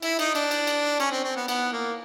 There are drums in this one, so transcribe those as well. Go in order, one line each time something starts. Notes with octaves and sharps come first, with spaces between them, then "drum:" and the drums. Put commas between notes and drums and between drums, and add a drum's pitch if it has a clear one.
E4, drum: cymbal
D#4, drum: cymbal
D4, drum: cymbal
drum: cymbal
drum: cymbal
C#4, drum: cymbal
C4
C4
B3
B3, drum: cymbal
A#3